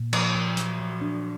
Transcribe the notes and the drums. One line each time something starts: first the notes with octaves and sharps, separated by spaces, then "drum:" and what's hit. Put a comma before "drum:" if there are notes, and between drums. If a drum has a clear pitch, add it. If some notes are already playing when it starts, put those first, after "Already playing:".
Already playing: A#2
F3, drum: cymbal
F3
F#3, drum: hi-hat
F#3
D4